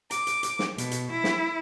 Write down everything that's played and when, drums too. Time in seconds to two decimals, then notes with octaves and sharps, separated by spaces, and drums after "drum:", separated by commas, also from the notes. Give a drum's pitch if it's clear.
0.11 D6, drum: hi-hat
0.27 drum: hi-hat
0.43 drum: hi-hat
0.59 drum: snare
0.78 B2, drum: hi-hat
0.91 drum: hi-hat
1.12 E4
1.24 drum: snare